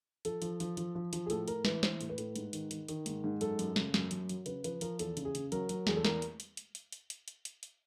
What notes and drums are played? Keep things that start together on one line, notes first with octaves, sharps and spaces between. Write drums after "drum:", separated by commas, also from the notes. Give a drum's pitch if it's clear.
F3 A4, drum: hi-hat
F3, drum: hi-hat
F3, drum: hi-hat
F3, drum: hi-hat
F3
F3, drum: hi-hat
G#4
A2 A4, drum: hi-hat
A2 A#4, drum: hi-hat
E3 B4, drum: snare
E3 C5, drum: snare
A2, drum: hi-hat
B4
A2, drum: hi-hat
G#2, drum: hi-hat
D#3, drum: hi-hat
D#3, drum: hi-hat
D#3, drum: hi-hat
G#2, drum: hi-hat
G#2
F#2 A4, drum: hi-hat
F#2, drum: hi-hat
C#3, drum: snare
F#2, drum: snare
F#2, drum: hi-hat
F#3, drum: hi-hat
C#3 B4, drum: hi-hat
F3 B4, drum: hi-hat
F3 A#4, drum: hi-hat
E2 A4, drum: hi-hat
C#3, drum: hi-hat
G#4
C#3, drum: hi-hat
F#3 A#4, drum: hi-hat
F#3, drum: hi-hat
E2 G#4, drum: snare
A4
E2 A#4, drum: snare
drum: hi-hat
drum: hi-hat
drum: hi-hat
drum: hi-hat
drum: hi-hat
drum: hi-hat
drum: hi-hat
drum: hi-hat
drum: hi-hat